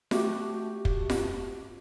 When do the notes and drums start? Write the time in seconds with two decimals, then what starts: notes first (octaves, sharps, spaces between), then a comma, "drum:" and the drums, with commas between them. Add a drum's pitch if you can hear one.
0.11 A3 F#4 G4, drum: snare F4
0.85 drum: kick
1.10 drum: snare F4